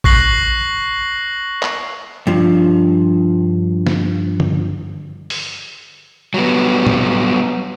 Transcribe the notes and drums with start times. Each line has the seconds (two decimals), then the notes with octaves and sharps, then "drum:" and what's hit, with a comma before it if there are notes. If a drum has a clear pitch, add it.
0.04 C#6 F#6 A#6 C7 F#7, drum: kick A1
1.63 drum: clap
2.27 G2 F3
3.86 drum: snare D3
4.40 drum: tom D3
5.30 drum: open hi-hat
6.34 F#3 G3 B3
6.87 drum: tom A2